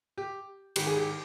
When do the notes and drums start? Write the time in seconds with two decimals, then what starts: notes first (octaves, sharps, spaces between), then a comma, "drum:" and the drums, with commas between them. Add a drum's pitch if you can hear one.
0.18 G4
0.76 G#2 D#3 G3 G4, drum: cymbal
0.87 G#4
0.97 G4